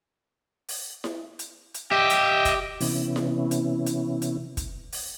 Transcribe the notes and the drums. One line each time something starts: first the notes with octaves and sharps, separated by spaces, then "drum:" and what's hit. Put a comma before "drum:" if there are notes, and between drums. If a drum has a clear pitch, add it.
drum: open hi-hat
drum: snare E4
drum: hi-hat
drum: hi-hat
G4 D#5 E5 G5
drum: hi-hat
drum: kick, hi-hat
C3 E3 B3 C#4 E4, drum: open hi-hat
drum: snare E4
drum: hi-hat
drum: hi-hat
drum: hi-hat
drum: kick, hi-hat
drum: open hi-hat